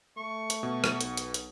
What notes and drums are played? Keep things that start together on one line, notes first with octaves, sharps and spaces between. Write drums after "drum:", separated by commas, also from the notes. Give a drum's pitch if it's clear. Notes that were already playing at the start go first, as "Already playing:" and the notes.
A3 C#6
drum: hi-hat
B2
drum: rim click
B1, drum: hi-hat
drum: hi-hat
drum: hi-hat